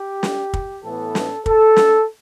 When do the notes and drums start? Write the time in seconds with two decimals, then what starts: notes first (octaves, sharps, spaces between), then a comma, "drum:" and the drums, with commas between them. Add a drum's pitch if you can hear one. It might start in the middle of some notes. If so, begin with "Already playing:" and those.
Already playing: G4
0.23 drum: snare
0.54 drum: kick
0.84 A2 E3 B3 A4
1.15 drum: snare
1.46 A4, drum: kick
1.76 drum: snare